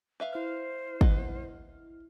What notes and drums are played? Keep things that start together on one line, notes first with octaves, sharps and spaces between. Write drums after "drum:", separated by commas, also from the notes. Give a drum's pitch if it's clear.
B4 E5 F5
E4 C5 F6
B4 D#5 F#5, drum: kick